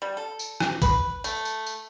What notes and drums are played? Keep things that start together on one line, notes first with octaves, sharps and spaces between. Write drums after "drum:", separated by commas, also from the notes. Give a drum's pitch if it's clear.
G3
A4
drum: tambourine
drum: rim click
B4, drum: kick, tambourine
A3, drum: tambourine
drum: tambourine
drum: tambourine